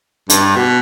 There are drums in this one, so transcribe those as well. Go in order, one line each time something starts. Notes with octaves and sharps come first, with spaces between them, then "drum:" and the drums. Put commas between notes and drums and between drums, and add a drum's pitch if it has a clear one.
G2, drum: hi-hat
B2